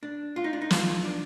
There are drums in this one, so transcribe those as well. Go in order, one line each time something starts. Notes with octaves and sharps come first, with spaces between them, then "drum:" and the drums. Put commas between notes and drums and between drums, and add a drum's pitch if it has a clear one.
D4
F4
D#4
D4
D#4
F4, drum: snare
D4